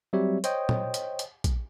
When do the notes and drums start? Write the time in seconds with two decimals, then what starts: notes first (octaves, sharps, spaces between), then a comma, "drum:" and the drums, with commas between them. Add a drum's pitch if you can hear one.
0.13 F#3 G3 C4 G4 C#5 E5
0.44 C5 C#5 D#5 G5 D#6, drum: hi-hat
0.69 drum: tom A#2
0.94 drum: hi-hat
1.19 drum: hi-hat
1.44 drum: kick A#1, hi-hat